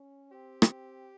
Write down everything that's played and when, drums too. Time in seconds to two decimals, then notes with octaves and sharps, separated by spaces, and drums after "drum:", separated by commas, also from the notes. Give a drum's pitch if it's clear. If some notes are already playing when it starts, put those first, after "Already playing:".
Already playing: C#4
0.32 C4 G4
0.62 drum: rim click